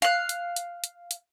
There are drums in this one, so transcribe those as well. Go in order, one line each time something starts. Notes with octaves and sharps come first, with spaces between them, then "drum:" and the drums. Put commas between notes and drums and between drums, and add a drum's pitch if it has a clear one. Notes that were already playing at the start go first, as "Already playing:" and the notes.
F5 F#6, drum: hi-hat
drum: hi-hat
drum: hi-hat
drum: hi-hat
drum: hi-hat